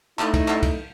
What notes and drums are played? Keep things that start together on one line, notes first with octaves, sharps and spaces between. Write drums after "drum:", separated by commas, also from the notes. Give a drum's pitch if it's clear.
A3 D#4 E4, drum: clap
drum: kick, cymbal
drum: clap
drum: kick, cymbal